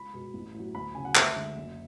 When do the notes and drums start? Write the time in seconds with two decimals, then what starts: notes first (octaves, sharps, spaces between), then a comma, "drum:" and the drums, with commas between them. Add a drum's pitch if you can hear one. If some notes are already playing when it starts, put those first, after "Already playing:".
Already playing: C#2 B5
0.13 B2 G#3
0.34 A1
0.54 A2 F#3
0.75 D2 B5
0.95 C#3 F#3 G#5
1.05 F#5
1.15 D2 E5, drum: clap
1.36 D3 G#3
1.56 F#1